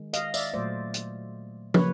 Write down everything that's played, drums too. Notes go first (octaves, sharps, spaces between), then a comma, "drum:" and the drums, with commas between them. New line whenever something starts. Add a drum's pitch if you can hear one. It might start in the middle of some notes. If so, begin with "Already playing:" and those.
Already playing: D#3 G#3
D#5 F5, drum: hi-hat
D5 E5, drum: tambourine
A#2 F#3 A3 C5 D5
drum: hi-hat
C#3 F#3 A#3 B4 C#5, drum: tom